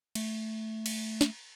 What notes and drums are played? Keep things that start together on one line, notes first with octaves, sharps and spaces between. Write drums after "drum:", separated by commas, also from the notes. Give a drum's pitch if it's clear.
A3, drum: cymbal
drum: cymbal
drum: snare